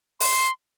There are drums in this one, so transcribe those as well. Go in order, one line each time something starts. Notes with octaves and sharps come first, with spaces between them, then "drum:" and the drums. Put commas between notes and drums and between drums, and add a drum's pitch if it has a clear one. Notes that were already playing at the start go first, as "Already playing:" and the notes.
C6, drum: open hi-hat